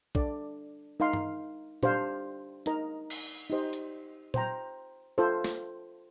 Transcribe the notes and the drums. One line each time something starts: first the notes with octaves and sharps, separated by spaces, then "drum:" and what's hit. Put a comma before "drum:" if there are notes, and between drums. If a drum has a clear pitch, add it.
D4 A4 D5, drum: kick
D#4 A#4 F5 C6
drum: tom G2
D4 G4 C5 F5, drum: tom A#2
D#4 A#4 D#5 A#5, drum: hi-hat
drum: cymbal
D#4 G4 C5 D#5
drum: hi-hat
C5 G5 A#5, drum: tom A#2
F4 A4 C5
drum: snare